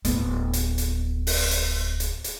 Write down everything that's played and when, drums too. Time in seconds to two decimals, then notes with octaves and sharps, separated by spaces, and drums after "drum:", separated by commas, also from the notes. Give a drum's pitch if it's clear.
0.05 D1 B3, drum: hi-hat
0.53 drum: hi-hat
0.78 drum: hi-hat
1.27 drum: open hi-hat
1.51 drum: hi-hat
2.00 drum: hi-hat
2.24 drum: hi-hat